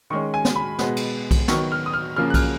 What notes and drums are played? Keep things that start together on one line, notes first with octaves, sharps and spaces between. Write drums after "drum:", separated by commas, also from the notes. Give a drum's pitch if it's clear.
D#3 G#3 C#4 C#6
G#5
drum: snare
B5
B2 G#3 B3, drum: snare
drum: cymbal
drum: kick B1, cymbal
D#3 F#3 B3 C#6, drum: snare
F6
D#6
F6
C#3 F3 A#3 F6
F#6
F6, drum: kick B1, cymbal